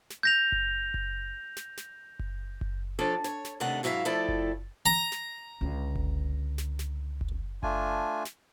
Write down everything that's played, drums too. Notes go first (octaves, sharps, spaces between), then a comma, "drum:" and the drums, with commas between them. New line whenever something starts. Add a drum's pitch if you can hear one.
drum: snare
G6 A#6 F7
drum: kick F#1
drum: kick F#1
drum: snare
drum: snare
drum: kick F#1
drum: kick F#1
F3 D4 A4 C#5
C#5, drum: snare
drum: snare
D#2 C3 D#3 A3 D4 F#5
G#2 F#3 E4 F4 E5 F5
F3 A3 E4 A4 D5 G5
drum: kick F#1
A#5
drum: snare
C#2 D3
drum: kick F#1
drum: snare
drum: snare
drum: kick F#1
A3 D4 F4 G#5, drum: kick F#1
drum: snare